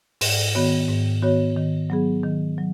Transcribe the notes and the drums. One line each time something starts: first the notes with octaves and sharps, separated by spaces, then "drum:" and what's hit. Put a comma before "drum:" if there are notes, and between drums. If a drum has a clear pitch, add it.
G#2, drum: open hi-hat
D#3 B3 F#4 C#5
G#2
D#3 B3 F#4 C#5
D#3
F#3 B3 G#4
D#3
F#3